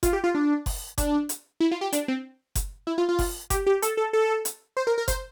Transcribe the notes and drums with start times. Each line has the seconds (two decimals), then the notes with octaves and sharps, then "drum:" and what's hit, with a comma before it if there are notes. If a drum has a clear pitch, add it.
0.03 F4, drum: kick F#1, hi-hat
0.13 G4
0.24 F4
0.35 D4
0.66 drum: kick F#1, open hi-hat
0.98 D4, drum: kick F#1, hi-hat
1.29 drum: hi-hat
1.60 E4
1.71 F4
1.81 G4
1.93 D4, drum: hi-hat
2.08 C4
2.55 drum: kick F#1, hi-hat
2.87 E4
2.98 F4
3.09 F4
3.19 drum: kick F#1, open hi-hat
3.50 G4, drum: kick F#1, hi-hat
3.67 G4
3.82 A4, drum: hi-hat
3.97 A4
4.13 A4
4.45 drum: hi-hat
4.77 C5
4.87 A#4
4.98 A#4
5.08 C5, drum: kick F#1, hi-hat